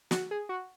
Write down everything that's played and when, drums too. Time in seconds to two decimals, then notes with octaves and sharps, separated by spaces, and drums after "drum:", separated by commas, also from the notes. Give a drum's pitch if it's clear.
0.11 F#4, drum: snare
0.31 G#4
0.49 F#4